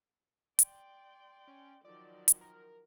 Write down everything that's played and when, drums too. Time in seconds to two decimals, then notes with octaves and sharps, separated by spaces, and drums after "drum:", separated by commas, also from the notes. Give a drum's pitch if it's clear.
0.59 D5 G5 C6, drum: hi-hat
1.48 C#4
1.85 D#3 F3 F#3 D5
2.28 drum: hi-hat
2.41 A#4